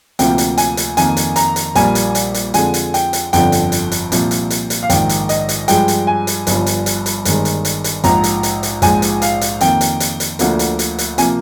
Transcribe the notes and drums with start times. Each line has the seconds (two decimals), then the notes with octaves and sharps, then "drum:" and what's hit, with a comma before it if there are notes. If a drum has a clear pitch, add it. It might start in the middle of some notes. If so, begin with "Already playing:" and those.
0.19 D2 C3 F3 A#3 G5, drum: hi-hat
0.38 drum: hi-hat
0.57 G#5, drum: hi-hat
0.77 drum: hi-hat
0.97 F2 D#3 A#3 G#5, drum: hi-hat
1.17 drum: hi-hat
1.36 A#5, drum: hi-hat
1.56 drum: hi-hat
1.75 A#1 A#2 G3 A#3 G#5, drum: hi-hat
1.95 drum: hi-hat
2.15 drum: hi-hat
2.34 drum: hi-hat
2.54 F2 D3 F3 G#3 G#5, drum: hi-hat
2.74 drum: hi-hat
2.94 G5, drum: hi-hat
3.13 drum: hi-hat
3.33 G1 F2 D3 F3 G5, drum: hi-hat
3.52 drum: hi-hat
3.72 drum: hi-hat
3.92 drum: hi-hat
4.12 C2 A#2 F3, drum: hi-hat
4.31 drum: hi-hat
4.50 drum: hi-hat
4.70 drum: hi-hat
4.83 F5
4.90 A#1 G#2 D#3 G5, drum: hi-hat
5.09 drum: hi-hat
5.29 D#5, drum: hi-hat
5.49 drum: hi-hat
5.68 G2 F3 G#3 G5, drum: hi-hat
5.88 drum: hi-hat
6.07 G#5
6.27 drum: hi-hat
6.47 G1 G2 F3, drum: hi-hat
6.66 drum: hi-hat
6.86 drum: hi-hat
7.06 drum: hi-hat
7.25 G1 G2 D#3 G#3, drum: hi-hat
7.45 drum: hi-hat
7.65 drum: hi-hat
7.84 drum: hi-hat
8.04 A#1 G#2 F3 A#5, drum: hi-hat
8.24 drum: hi-hat
8.43 drum: hi-hat
8.63 drum: hi-hat
8.82 A#1 G#2 F3 G#3 G#5, drum: hi-hat
9.02 drum: hi-hat
9.22 F5, drum: hi-hat
9.41 drum: hi-hat
9.61 F2 D#3 A#3 G5, drum: hi-hat
9.81 drum: hi-hat
10.00 drum: hi-hat
10.20 drum: hi-hat
10.39 D2 D3 F3 A#3, drum: hi-hat
10.59 drum: hi-hat
10.79 drum: hi-hat
10.98 drum: hi-hat
11.18 C3 F3 A#3 G#5, drum: hi-hat